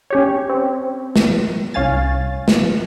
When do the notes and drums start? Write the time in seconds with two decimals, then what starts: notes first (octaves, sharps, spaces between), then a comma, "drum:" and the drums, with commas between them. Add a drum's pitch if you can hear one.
0.10 C#4 G4 C#5
0.50 C4
1.16 drum: snare
1.74 C2 C#4 F5 G#5 A6
2.48 drum: snare